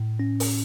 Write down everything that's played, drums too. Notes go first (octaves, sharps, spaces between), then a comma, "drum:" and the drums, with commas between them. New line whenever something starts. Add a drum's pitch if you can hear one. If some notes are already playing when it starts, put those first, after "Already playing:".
Already playing: A2
C#4
drum: open hi-hat